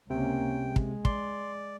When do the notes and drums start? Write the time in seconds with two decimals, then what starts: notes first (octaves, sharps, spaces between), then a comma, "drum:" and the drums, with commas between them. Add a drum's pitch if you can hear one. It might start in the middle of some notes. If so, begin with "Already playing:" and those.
0.10 C#2 C3 A#3 C#4 G5
0.64 G#3
0.76 drum: kick
1.05 D5 C6, drum: kick